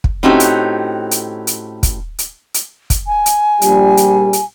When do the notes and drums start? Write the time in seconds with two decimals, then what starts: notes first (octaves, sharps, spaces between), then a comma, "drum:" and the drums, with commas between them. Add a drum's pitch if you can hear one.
0.04 drum: kick
0.23 A2 C4 C#4 D#4 F#4 G4
0.40 drum: hi-hat
1.11 drum: hi-hat
1.47 drum: hi-hat
1.83 drum: kick, hi-hat
2.19 drum: hi-hat
2.54 drum: hi-hat
2.90 drum: kick, hi-hat
3.07 G#5
3.26 drum: hi-hat
3.62 A#1 G3, drum: hi-hat
3.97 drum: hi-hat
4.33 drum: hi-hat